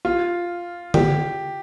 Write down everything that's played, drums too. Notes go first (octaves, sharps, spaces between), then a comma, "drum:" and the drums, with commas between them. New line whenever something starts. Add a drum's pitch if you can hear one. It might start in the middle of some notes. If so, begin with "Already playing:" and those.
F4
G4, drum: tom